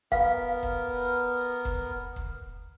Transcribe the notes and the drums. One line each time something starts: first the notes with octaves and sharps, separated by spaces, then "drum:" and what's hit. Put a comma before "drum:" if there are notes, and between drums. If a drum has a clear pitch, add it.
B3 A#4 F5, drum: kick
drum: kick
drum: kick
drum: kick